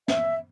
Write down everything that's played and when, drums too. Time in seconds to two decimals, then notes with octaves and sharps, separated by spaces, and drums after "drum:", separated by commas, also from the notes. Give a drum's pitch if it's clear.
0.08 E5, drum: snare